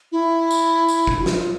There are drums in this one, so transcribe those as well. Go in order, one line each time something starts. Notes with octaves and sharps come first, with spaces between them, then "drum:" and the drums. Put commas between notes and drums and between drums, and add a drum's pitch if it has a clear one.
E4
drum: tambourine
drum: tambourine
drum: kick
F#4
F4, drum: snare